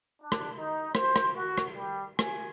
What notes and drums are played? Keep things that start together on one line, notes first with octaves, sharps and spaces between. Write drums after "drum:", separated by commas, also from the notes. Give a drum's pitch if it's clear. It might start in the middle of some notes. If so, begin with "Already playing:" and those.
D4
drum: rim click
D#4
C5, drum: rim click
drum: rim click
F#4
drum: rim click
G3
G#5, drum: rim click